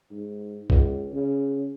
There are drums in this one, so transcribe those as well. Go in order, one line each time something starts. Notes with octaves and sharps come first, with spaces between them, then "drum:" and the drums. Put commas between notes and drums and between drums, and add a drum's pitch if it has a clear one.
G#2
C#2, drum: kick
C#3